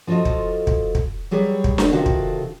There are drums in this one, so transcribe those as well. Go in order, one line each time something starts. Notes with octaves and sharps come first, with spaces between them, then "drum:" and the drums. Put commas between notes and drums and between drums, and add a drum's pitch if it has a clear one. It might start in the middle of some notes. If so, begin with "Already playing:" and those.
F3 F4 F#4 A4 D#5
drum: kick
drum: kick
drum: kick
F#3 G3 G#4 B4 C#5
drum: kick
drum: snare D4
C3 D#3 F4 F#4 A4
drum: kick